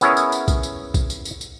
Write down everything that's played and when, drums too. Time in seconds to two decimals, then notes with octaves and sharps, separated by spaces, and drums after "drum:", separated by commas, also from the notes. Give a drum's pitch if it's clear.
0.01 B3 C#4 E4 G#4 A#4 C#5, drum: tambourine
0.17 drum: tambourine
0.32 drum: tambourine
0.48 drum: kick B1, tambourine
0.63 drum: tambourine
0.94 drum: kick B1, tambourine
1.10 drum: tambourine
1.25 drum: tambourine
1.41 drum: tambourine